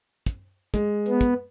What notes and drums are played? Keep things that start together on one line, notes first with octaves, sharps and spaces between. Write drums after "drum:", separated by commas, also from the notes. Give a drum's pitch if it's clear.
drum: kick, hi-hat
G#3, drum: kick, hi-hat
B3
drum: kick, hi-hat